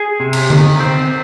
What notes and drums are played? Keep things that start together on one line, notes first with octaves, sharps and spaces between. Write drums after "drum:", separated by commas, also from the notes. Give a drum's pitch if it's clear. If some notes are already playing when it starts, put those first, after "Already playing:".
Already playing: G#4
C3
drum: cymbal
D#3, drum: tom D3
C4